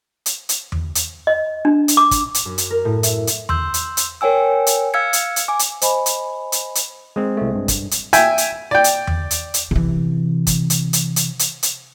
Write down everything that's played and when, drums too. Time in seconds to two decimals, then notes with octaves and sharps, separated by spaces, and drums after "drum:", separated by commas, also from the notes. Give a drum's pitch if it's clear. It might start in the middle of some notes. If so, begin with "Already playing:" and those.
0.26 drum: hi-hat
0.49 drum: hi-hat
0.72 drum: tom E2
0.95 drum: hi-hat
1.27 D#5
1.65 D4
1.88 drum: hi-hat
1.97 D6
2.11 drum: kick, hi-hat
2.34 drum: hi-hat
2.45 F#2
2.58 drum: hi-hat
2.71 A#4
2.85 A2
3.03 E5, drum: hi-hat
3.27 drum: hi-hat
3.49 C6 E6 G6, drum: tom E2
3.74 drum: hi-hat
3.97 drum: hi-hat
4.21 A#4 C#5 G5 G#5 E6
4.67 drum: hi-hat
4.94 F5 E6 F6 G#6 C#7
5.13 drum: hi-hat
5.36 drum: hi-hat
5.48 G#5 D6
5.59 drum: hi-hat
5.81 C5 D#5 G#5 B5, drum: hi-hat
6.06 drum: hi-hat
6.52 drum: hi-hat
6.75 drum: hi-hat
7.16 G#3 C4
7.37 C2 A3
7.55 G2
7.68 drum: kick, hi-hat
7.91 drum: hi-hat
8.13 E5 G5 G#5, drum: hi-hat
8.38 drum: hi-hat
8.71 D5 G5
8.84 drum: hi-hat
9.07 drum: tom E2
9.31 drum: hi-hat
9.54 drum: hi-hat
9.71 C3 E3
10.47 drum: kick, hi-hat
10.70 drum: hi-hat
10.93 drum: hi-hat
11.16 drum: hi-hat
11.39 drum: hi-hat
11.63 drum: hi-hat